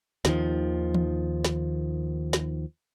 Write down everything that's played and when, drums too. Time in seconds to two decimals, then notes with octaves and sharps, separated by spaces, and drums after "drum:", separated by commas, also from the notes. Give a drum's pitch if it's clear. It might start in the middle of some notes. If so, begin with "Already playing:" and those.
0.25 D#2 D#3 F3, drum: snare
0.95 drum: tom
1.45 drum: snare
2.33 drum: snare